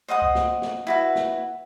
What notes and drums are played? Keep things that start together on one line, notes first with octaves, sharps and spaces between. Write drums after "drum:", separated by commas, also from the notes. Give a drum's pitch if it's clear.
C5 D#5 F#5 D#6
drum: kick C#2
drum: snare
drum: snare
E4 F#4 B4
drum: snare